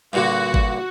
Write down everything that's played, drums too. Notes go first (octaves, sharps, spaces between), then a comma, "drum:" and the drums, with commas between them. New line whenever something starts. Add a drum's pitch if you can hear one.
G2 A#2 D3 F#4
drum: kick G#1